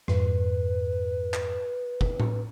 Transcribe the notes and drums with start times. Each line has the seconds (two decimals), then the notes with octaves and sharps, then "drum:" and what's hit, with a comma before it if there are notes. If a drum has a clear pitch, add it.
0.08 F2 G#2 B4, drum: rim click
1.34 drum: clap
2.01 drum: kick
2.20 drum: tom A2